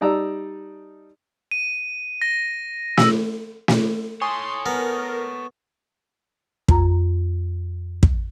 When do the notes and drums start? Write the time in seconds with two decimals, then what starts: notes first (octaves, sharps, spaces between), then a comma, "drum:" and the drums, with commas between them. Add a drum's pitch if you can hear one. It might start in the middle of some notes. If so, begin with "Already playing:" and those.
0.01 G3 D#4 D5 A5 A#5 E6
1.51 D#7
2.22 A#6
2.97 E6, drum: snare
3.68 drum: snare
4.21 A4 C#5 G#5 C6 C#6 D#6
4.66 B3 A#4
6.68 F2 A#5, drum: kick
8.03 drum: kick